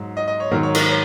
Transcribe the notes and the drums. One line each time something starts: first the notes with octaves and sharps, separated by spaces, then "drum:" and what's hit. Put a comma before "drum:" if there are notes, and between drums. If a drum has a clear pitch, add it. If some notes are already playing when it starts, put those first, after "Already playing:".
Already playing: G#2 F#3
D#5
D#5
C#5
G#2 D#3 F#3 A#4
C#5
A#4, drum: cymbal
C#5